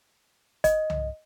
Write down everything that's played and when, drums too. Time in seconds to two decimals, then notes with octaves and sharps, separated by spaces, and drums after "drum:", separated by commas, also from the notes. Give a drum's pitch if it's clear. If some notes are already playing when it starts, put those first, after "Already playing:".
0.64 D#5, drum: kick G1, hi-hat
0.90 drum: tom C2